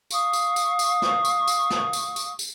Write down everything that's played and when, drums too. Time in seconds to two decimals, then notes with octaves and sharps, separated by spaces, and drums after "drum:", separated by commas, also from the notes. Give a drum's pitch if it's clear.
0.10 F5 C#6 D#6, drum: tambourine
0.33 drum: tambourine
0.56 drum: tambourine
0.79 drum: tambourine
1.02 drum: snare
1.25 drum: tambourine
1.48 drum: tambourine
1.70 drum: snare
1.93 drum: tambourine
2.16 drum: tambourine
2.39 drum: tambourine